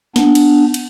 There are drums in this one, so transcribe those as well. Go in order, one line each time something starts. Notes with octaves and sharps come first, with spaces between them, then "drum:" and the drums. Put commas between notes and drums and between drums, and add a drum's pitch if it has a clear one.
B3 D4, drum: snare
drum: cymbal
drum: cymbal